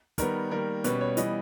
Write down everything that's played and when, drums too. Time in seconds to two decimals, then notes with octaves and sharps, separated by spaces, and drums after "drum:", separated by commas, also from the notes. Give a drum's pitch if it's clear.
0.18 D#3 G3 B3 A#4, drum: kick, hi-hat
0.51 D#3 G3 A#3 A#4
0.84 B2 G3 C#4 B4, drum: hi-hat
1.01 C#5
1.17 E3 G3 B3 D#5, drum: hi-hat